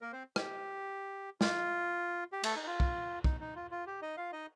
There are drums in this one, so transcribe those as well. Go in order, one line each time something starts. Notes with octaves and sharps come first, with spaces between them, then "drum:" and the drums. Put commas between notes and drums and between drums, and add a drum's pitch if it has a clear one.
A#3 A#4
C4 C5
G4, drum: rim click
F4, drum: snare
G4
A3 A4, drum: cymbal
D#4
F4
drum: kick
D#4, drum: kick
D#4
F4
F4
G4
D#4 D#5
F4 F5
D#4 D#5